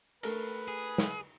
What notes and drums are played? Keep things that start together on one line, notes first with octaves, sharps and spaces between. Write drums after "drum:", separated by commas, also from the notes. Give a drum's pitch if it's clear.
A3 A#4 B4, drum: cymbal
G#4
drum: snare